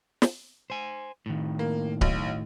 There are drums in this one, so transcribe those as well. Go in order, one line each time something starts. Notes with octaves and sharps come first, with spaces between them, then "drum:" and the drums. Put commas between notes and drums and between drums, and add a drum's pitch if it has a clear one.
drum: snare
C5 G#5
A2 D#3
A#3
B1, drum: kick C#1